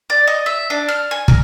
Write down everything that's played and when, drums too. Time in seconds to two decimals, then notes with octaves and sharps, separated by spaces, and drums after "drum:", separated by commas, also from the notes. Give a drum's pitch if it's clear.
0.10 D5
0.27 D#5
0.46 E5
0.70 D4
0.89 F6
1.11 G#5
1.28 A#4, drum: kick